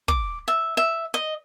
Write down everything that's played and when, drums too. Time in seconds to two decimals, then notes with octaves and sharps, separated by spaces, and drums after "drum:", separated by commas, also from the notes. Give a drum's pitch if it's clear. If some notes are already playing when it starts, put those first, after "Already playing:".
0.08 D6, drum: kick
0.48 E5
0.77 E5
1.14 D#5